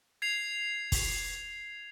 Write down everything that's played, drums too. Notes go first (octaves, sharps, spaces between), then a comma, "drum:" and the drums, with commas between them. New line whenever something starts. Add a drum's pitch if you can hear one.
G#6 C7 F7
drum: kick, open hi-hat